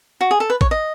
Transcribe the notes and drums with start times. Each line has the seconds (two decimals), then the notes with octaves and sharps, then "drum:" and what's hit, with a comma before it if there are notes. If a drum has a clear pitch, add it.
0.21 F#4
0.31 G#4
0.40 A4
0.50 B4
0.61 C#5, drum: kick
0.71 D#5